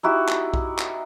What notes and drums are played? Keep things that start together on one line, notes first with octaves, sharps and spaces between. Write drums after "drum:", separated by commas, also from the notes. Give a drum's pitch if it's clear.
D#4 E4 F#4 G4
drum: clap
drum: kick B1
drum: clap